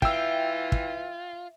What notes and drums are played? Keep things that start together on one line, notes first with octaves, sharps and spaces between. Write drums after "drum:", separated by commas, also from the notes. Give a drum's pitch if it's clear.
E3 F4 E5 G5 E6, drum: kick
drum: kick